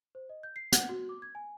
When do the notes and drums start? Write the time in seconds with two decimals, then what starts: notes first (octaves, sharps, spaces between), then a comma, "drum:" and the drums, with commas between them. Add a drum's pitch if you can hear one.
0.15 C5
0.29 D#5
0.43 G6
0.56 C7
0.72 F#5, drum: hi-hat
0.89 F#4
1.09 D6
1.22 G#6
1.35 G#5